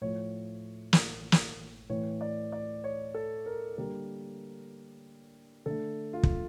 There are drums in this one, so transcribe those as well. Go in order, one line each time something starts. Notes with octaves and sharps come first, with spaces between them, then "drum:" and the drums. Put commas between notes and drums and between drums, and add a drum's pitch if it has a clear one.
A2 F3 A3 C#5
drum: snare
drum: snare
A2 E3 A3 C#5
D5
D5
C#5
A4
A#4
D3 G3 A#3 A#4
D3 A3 A4
F4
drum: kick